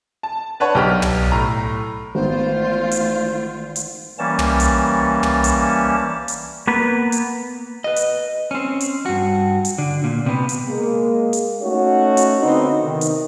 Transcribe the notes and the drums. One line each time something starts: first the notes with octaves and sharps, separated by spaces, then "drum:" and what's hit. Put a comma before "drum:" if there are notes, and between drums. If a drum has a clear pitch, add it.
A5
D4 B4 C#5 F#5 A5 C#6
B1 G4 F6
drum: tom
A2 A#5
G#1 E3 A3 B3 F4 C5
drum: hi-hat
drum: hi-hat
E3 G3 A#3 C#4 A5
drum: tom
drum: hi-hat
drum: tom
drum: hi-hat
drum: hi-hat
A#3 B3 B4
drum: hi-hat
B4 D#5
drum: hi-hat
C4 C#4
drum: hi-hat
G2 F#4
drum: hi-hat
D3
A#2
C3 B3
drum: hi-hat
G#3 A#3
drum: hi-hat
A3 C#4 D#4 F#4 C#5
drum: hi-hat
D3 B3 C4 D#4
C3 D#3
drum: hi-hat